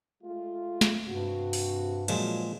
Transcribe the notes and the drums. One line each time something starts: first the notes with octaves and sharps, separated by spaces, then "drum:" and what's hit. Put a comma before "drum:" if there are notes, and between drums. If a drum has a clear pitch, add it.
G#3 A3 F4
drum: snare
G2 C3 F#4
drum: open hi-hat
A#2 F3 F#3 G#3, drum: cymbal